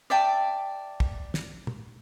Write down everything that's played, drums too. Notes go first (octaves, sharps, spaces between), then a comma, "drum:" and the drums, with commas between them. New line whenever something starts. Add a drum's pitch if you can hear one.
D5 E5 G5 A5
drum: kick
drum: snare
drum: tom